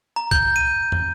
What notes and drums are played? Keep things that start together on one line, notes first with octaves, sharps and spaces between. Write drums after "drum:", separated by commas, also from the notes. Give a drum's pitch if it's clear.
A#5
G6, drum: kick B1
D#7
drum: tom